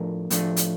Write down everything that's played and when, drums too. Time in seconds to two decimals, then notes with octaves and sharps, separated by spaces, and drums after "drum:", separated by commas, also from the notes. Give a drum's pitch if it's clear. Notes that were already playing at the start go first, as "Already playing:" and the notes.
Already playing: A2 F3 A3 D4 A#4
0.30 A2 F3 A3 D4, drum: hi-hat
0.57 drum: hi-hat